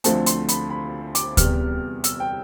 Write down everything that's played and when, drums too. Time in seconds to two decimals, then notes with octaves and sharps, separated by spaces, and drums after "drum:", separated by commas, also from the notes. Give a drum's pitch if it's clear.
0.04 D2 D3 F3 A3 C4 A5, drum: hi-hat
0.26 C6, drum: hi-hat
0.48 B5, drum: hi-hat
0.70 B5
1.15 D6, drum: hi-hat
1.37 E2 C3 G3 B3 F6, drum: kick D2, hi-hat
2.04 E6, drum: hi-hat
2.20 G5